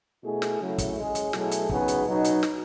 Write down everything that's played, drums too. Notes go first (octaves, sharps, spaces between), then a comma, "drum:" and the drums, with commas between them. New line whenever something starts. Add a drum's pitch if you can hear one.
B2 A3 E4 G#4
drum: snare
C#3 F#3 A3 E4
drum: kick, hi-hat
G#3 C#4 G#4
drum: hi-hat
B2 F#3 A3 E4 G#4, drum: snare
drum: hi-hat
C#3 F#3 B3 D#4 G#4, drum: kick
drum: hi-hat
B2 F#3 B3 D#4
drum: hi-hat
drum: snare